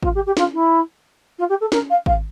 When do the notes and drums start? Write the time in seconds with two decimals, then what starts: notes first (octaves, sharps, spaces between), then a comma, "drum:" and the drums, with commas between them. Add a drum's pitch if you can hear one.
0.03 F4, drum: kick G#1
0.14 G4
0.26 G4
0.37 F4, drum: snare
0.53 E4
1.38 F4
1.49 G4
1.60 A4
1.72 A#4, drum: snare
1.89 F5
2.06 F5, drum: kick G#1